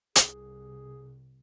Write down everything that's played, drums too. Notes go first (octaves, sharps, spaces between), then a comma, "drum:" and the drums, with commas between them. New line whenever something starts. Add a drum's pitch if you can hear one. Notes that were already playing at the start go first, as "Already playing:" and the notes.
C2 G#4, drum: hi-hat